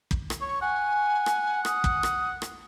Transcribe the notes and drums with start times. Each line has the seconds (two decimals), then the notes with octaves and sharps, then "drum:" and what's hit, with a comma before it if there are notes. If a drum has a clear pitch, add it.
0.11 drum: kick
0.30 drum: rim click
0.41 C#5 C#6
0.62 F#5 G#5
1.26 drum: rim click
1.65 D#6, drum: rim click
1.84 drum: kick
2.03 drum: rim click
2.42 drum: rim click